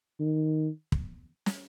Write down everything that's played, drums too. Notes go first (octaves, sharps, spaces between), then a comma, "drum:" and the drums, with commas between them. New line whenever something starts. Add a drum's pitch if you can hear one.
D#3
drum: kick
drum: snare